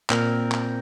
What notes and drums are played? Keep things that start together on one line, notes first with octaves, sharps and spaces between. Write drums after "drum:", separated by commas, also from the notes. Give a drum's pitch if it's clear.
A#2 C4 A#4, drum: clap
drum: clap